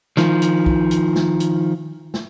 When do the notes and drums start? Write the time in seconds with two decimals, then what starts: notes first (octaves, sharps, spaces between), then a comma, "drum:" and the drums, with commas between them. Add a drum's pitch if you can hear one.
0.17 D#3 F3, drum: snare
0.42 drum: hi-hat
0.66 drum: kick B1
0.91 drum: hi-hat
1.15 drum: snare
1.40 drum: hi-hat
2.14 drum: snare